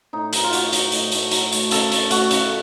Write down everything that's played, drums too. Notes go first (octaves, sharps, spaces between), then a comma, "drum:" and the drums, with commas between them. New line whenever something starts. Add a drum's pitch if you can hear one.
A2 D#4
F#3 D#4, drum: hi-hat
F4
A3 F#4, drum: hi-hat
F#3, drum: hi-hat
A2, drum: hi-hat
A3, drum: hi-hat
F#3, drum: hi-hat
A3, drum: hi-hat
C#3 A4, drum: hi-hat
A3, drum: hi-hat
A3 F#4, drum: hi-hat
C#3, drum: hi-hat